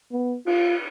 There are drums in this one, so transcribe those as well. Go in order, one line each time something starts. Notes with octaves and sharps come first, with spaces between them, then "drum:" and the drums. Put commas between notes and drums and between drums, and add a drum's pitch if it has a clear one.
B3
F4, drum: cymbal